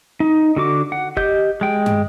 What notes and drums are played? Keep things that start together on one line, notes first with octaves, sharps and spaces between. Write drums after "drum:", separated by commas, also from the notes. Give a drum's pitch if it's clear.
D#4
D3 F#4 D6
F#5
G4 D#5 G6, drum: kick G1
G#3 G5
drum: tom